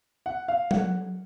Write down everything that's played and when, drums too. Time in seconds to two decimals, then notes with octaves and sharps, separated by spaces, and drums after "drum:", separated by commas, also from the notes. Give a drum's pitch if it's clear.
0.26 F#5
0.48 F5
0.71 F#5, drum: tom F#3